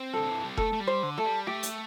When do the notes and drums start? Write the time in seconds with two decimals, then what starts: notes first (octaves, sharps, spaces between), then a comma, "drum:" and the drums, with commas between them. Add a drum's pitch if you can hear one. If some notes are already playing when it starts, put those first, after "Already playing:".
Already playing: C4
0.13 D3 A4
0.30 E3
0.44 G3
0.57 A3 A4, drum: kick F1
0.72 A3
0.80 G3
0.87 C5
1.03 D3
1.18 A3 A4
1.25 G3
1.47 A3 G4
1.63 drum: hi-hat